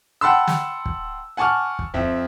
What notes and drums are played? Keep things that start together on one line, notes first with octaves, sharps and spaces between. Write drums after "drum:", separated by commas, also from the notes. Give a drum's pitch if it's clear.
F#5 G5 A5 B5 C6 E6
drum: snare
drum: kick
F#5 G#5 A5 C#6 D6 F6
drum: kick
F2 C4 E5